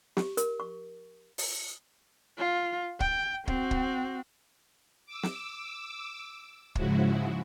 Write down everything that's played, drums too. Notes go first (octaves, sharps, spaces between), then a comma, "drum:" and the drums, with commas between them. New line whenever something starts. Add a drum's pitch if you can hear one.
G4, drum: snare
A#4, drum: hi-hat
C#6
drum: open hi-hat
F4
G5, drum: kick
C4 F#4, drum: kick
drum: kick
D6 E6
drum: snare
G#2 C#3 F3 G#3 E4 F#4, drum: kick